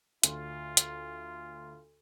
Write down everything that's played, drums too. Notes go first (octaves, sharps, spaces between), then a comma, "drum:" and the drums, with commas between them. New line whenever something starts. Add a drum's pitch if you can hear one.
D2 F4, drum: hi-hat
drum: hi-hat